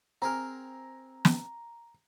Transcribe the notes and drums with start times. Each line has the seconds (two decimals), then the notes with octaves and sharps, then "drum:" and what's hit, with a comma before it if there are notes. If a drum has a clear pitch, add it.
0.22 C4 G#4 A#4 A#5
1.25 drum: snare